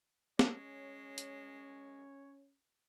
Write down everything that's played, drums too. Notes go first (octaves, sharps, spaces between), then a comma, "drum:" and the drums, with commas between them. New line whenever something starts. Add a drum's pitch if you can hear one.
G#3 C#4 C#5, drum: snare
drum: hi-hat